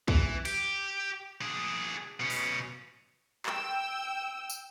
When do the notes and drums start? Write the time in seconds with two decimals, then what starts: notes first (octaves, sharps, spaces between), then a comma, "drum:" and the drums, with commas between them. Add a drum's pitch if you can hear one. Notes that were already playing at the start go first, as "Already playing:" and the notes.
0.08 E3, drum: kick
0.45 G4, drum: cymbal
1.41 D4 G#4
2.20 B2 C#4
2.30 drum: open hi-hat
3.46 G5 E6, drum: clap
4.50 drum: tambourine